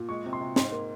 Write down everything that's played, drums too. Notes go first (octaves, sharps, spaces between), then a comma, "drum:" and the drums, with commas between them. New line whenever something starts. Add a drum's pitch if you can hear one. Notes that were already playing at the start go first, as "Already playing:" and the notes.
Already playing: A#2
G#3 C#6
C3
C6
C3
G#2 C6, drum: snare
A#3